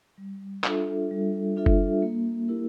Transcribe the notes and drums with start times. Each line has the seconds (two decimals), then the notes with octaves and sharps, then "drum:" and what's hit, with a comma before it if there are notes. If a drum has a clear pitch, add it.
0.18 G3
0.64 D4 F4 A4 E5, drum: clap
1.11 G3
1.57 D4 F4 A4 E5
1.66 drum: kick F#1
2.02 A#3
2.48 E4 G4 A#4